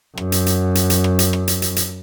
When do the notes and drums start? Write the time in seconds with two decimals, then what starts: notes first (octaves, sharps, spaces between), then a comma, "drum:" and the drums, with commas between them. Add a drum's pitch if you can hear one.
0.18 F#2, drum: rim click
0.32 drum: hi-hat
0.46 drum: hi-hat
0.75 drum: hi-hat
0.90 drum: hi-hat
1.04 drum: rim click
1.19 drum: hi-hat
1.33 drum: rim click
1.48 drum: hi-hat
1.62 drum: hi-hat
1.76 drum: hi-hat